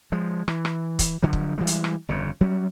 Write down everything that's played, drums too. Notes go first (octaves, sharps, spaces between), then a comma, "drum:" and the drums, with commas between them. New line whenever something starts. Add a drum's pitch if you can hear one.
F3 G#3
E3, drum: rim click
drum: rim click
drum: kick, hi-hat
G2 D3 F3 F#3
drum: kick
E3 G3 G#3
drum: hi-hat
drum: rim click
G1 F2 C#3
F#3 G3 C#4